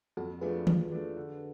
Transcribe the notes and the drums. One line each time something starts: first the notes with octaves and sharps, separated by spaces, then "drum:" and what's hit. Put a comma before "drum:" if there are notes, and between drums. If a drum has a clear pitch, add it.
F2 F#4 A4
F3 A3 D4 G#4 B4
F3, drum: tom D#3
A3 D4
D3